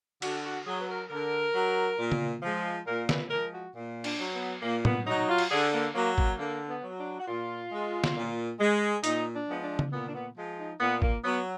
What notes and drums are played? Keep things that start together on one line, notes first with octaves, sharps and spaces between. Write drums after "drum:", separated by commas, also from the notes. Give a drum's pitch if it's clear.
D3 F#4, drum: cymbal
F#4
F#3 G#4
B4
A#4
D3 A#4
F#3
A#2
drum: tom C#3
F3 G#3
A#2 A#4
B4, drum: snare
F3 G#3 A#4
F#4
A#2
D4, drum: cymbal
F#3
B3
A#2 A#3
B3, drum: tom A2
F#3 D#4
F4
drum: cymbal
D3 G#4
A#3
F#3 A#3
A#3, drum: kick
D3 A#3
B3
F#3
D4
F#4
A#2 F4
G#3
drum: snare
A#2
G#3
A#2 D#4, drum: hi-hat
D4
F3 G#3 B3
D4
drum: tom C#3
A#2 B3
D4
B3
F3 G#3
D#4
A#2 B3
A#3, drum: kick
F#3 B3